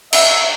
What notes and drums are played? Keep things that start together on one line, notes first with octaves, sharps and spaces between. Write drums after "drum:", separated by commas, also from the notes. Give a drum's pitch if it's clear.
E5, drum: cymbal